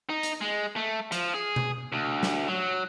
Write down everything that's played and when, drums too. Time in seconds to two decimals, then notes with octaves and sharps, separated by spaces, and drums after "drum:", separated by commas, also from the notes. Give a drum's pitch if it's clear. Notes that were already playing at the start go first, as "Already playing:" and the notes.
0.09 D#4
0.23 drum: hi-hat
0.41 G#3
0.76 A3
1.12 F3, drum: hi-hat
1.34 G#4
1.56 drum: tom B2
1.92 D2
2.23 drum: snare
2.48 F#3